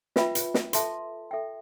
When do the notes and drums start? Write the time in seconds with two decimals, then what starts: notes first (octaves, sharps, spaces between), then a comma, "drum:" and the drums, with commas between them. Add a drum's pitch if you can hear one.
0.16 F4 B4 E5 G5 B5, drum: snare
0.35 drum: hi-hat
0.54 drum: snare
0.73 A4 E5 A5 C6, drum: hi-hat
1.31 A4 E5 G5